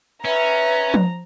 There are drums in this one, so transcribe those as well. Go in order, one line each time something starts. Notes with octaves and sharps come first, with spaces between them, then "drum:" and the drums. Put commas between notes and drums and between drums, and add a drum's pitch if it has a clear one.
C#4 B4 E5 A#5
drum: tom F3